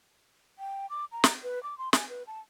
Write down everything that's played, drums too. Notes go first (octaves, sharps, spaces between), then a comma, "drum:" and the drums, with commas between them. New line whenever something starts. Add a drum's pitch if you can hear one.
G5
D6
A#5
drum: snare
B4
D6
C6
G#5, drum: snare
B4
A5